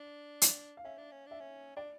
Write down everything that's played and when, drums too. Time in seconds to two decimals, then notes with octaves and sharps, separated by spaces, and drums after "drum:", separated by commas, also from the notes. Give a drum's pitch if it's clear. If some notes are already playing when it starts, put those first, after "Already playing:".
Already playing: D4
0.42 drum: hi-hat
0.77 F5
0.85 C#4 E5
0.98 D4
1.12 C#4
1.26 D4 E5
1.40 C#4
1.77 D4 D5